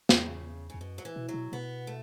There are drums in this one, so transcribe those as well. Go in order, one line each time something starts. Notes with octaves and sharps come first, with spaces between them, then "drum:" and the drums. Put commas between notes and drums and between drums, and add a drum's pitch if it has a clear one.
E2 C#3, drum: snare
E2 C#3
F#2 B2
F#3
E3
B2
F#3
B2
B2 B3
A3